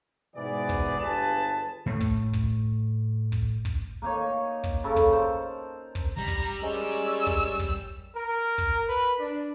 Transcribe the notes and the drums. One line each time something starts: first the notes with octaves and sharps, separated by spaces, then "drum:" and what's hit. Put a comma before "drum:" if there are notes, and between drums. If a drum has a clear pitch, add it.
G#2 B2 E3 B3 G#4 D5
drum: kick
G1 G2 G#4 B4 A5
A2 A3
drum: kick
drum: kick
drum: kick
drum: kick
A#3 D#4 C#5
drum: kick
C#3 A4 A#4
drum: kick
C5
drum: kick
G3 A#5
drum: kick
G#3 C#4 A#4 D5 E6
drum: kick
drum: kick
A#4
drum: kick
B4
D4